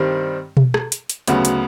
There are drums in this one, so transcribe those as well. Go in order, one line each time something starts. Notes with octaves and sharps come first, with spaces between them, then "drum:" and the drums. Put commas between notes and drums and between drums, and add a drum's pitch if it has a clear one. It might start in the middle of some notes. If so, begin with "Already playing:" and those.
Already playing: G2 D#3 G3 C4
drum: tom B2
drum: rim click
drum: hi-hat
drum: hi-hat
D2 C#3 F#3 B3, drum: hi-hat
drum: hi-hat